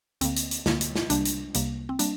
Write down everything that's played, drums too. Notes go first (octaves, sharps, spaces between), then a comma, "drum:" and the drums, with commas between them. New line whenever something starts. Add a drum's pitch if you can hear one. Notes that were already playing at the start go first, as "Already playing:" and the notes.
D2 D3 A#3 C4, drum: hi-hat
drum: hi-hat
drum: hi-hat
D2 D3 A#3, drum: snare
drum: hi-hat
drum: snare
C2 C3 G3 A#3 D4, drum: hi-hat
drum: hi-hat
C2 C3 G3 A#3, drum: hi-hat
C4
G3 A#3 D4, drum: hi-hat